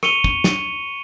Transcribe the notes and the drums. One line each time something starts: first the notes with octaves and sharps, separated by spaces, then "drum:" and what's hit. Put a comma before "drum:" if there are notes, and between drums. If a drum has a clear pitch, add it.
C#6 C#7 D#7 F7 G7, drum: rim click
drum: kick
drum: snare